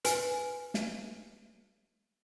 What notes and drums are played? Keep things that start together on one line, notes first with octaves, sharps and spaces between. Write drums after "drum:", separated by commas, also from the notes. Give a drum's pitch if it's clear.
B4 G#5 D7, drum: hi-hat
drum: snare